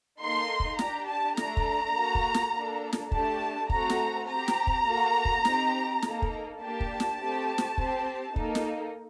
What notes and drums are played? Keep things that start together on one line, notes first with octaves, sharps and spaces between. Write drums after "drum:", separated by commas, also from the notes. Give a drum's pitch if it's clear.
A#3 D#4 A4 C6
drum: kick
D4 G4 A#5, drum: snare
A5
A3 D4 A4 A#5, drum: snare
drum: kick
A#3 F#4 A4
drum: kick
drum: snare
A#3 D4 A4
drum: snare
A3 D4 G4 A5, drum: kick
A3 C4 F#4 A4 A#5, drum: kick
drum: snare
C4 G4 A#5
drum: snare
drum: kick
A#3 F#4 A4
drum: kick
C4 D#4 G4, drum: snare
A#3 D#4 A4, drum: snare
drum: kick
A#3 D4 G4 A5
drum: kick
drum: snare
A3 C4 G4
drum: snare
C4 G4, drum: kick
A#3 D#4 A4, drum: kick
drum: snare